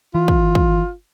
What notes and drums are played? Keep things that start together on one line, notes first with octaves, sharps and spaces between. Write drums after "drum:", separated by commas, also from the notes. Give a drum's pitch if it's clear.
E3 F4
drum: kick
drum: kick